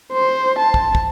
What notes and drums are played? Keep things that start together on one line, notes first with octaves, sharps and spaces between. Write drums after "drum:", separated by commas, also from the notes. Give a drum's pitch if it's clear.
C5
A5
drum: kick
drum: kick